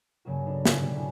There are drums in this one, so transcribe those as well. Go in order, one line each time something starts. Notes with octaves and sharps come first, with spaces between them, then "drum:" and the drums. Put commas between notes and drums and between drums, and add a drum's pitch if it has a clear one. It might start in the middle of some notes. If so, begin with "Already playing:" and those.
G2 C#3 F#3 A#3 F#4
B3 D4 D#4 A4
G#2 C#3 G#3, drum: snare
B2 D3 G#3 A3 D4 G4
G#2 C#3 E4 F#4